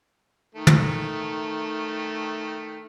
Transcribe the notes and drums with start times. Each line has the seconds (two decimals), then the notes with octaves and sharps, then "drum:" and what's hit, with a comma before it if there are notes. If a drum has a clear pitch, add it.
0.55 D#3 A3
0.67 drum: tom